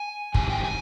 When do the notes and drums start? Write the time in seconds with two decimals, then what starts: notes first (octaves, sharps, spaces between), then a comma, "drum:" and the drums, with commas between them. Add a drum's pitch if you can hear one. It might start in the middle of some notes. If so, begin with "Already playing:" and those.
Already playing: G#5
0.34 G#2 D#3 G3 C4 E4 G#5, drum: kick
0.50 G5
0.64 G#5